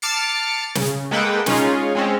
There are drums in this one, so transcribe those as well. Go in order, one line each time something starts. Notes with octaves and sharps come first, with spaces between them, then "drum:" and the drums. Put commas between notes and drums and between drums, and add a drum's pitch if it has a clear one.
A5 D6 F6 A6 C7 C#7
C#3, drum: snare
G#3 A#3 A4 B4 F#5 G5
G#3 C#4 D#4 F4 G#4, drum: snare
G#3 C4 C#4